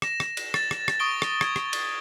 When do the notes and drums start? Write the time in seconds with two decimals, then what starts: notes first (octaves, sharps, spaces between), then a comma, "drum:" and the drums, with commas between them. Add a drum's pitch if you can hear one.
0.02 A#6 E7, drum: rim click
0.20 drum: rim click
0.37 drum: cymbal
0.54 A6, drum: rim click
0.71 drum: rim click
0.88 drum: rim click
1.00 C#6 D#6 D7 G7
1.22 drum: rim click
1.41 G#6, drum: rim click
1.56 drum: rim click
1.73 drum: cymbal